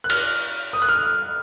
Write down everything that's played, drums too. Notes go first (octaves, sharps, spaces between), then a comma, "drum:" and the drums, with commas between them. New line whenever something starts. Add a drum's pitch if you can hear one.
F#6
F6, drum: cymbal
D#6
F#6
F6